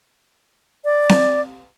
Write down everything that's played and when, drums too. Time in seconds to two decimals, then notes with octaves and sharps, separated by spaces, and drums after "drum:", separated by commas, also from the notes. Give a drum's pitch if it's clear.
0.85 D5
1.09 drum: snare C4